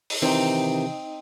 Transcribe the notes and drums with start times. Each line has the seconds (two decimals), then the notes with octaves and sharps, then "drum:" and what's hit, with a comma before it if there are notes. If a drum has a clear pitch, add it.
0.10 drum: open hi-hat
0.22 C3 D#3 E3 C4 D#4